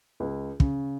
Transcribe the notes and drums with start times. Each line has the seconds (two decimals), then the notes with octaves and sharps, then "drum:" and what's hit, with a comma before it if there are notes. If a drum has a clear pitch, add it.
0.20 C#2
0.60 C#3, drum: kick